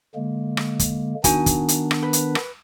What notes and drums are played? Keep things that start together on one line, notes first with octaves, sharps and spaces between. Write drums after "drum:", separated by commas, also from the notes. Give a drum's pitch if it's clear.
D3 G#3 A#3
drum: rim click
drum: kick, hi-hat
D#3 B3 D4 D#4 F#4 G#5, drum: kick, hi-hat
drum: kick, hi-hat
drum: hi-hat
drum: rim click
B4
drum: hi-hat
drum: rim click